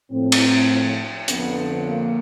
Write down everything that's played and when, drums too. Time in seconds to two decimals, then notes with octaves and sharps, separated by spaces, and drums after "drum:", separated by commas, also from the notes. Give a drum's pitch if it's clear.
0.10 A2 F3 C4
0.32 drum: cymbal
1.28 F2 D3 F3 B3, drum: hi-hat
1.87 A#3